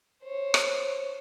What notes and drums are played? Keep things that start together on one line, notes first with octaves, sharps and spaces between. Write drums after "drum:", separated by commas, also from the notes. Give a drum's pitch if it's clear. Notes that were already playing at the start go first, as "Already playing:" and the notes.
C5 C#5
drum: rim click